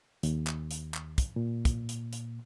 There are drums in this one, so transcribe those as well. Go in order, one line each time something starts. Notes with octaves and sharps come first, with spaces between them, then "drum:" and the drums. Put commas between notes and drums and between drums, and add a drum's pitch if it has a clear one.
D#2, drum: hi-hat
drum: clap
drum: hi-hat
drum: clap
drum: kick, hi-hat
A#2
drum: kick, hi-hat
drum: hi-hat
drum: hi-hat